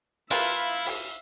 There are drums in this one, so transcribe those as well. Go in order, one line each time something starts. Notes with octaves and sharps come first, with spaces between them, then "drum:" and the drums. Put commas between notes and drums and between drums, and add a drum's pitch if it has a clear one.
F3 A#3 E4 F4 B4 E5 F5, drum: open hi-hat
drum: open hi-hat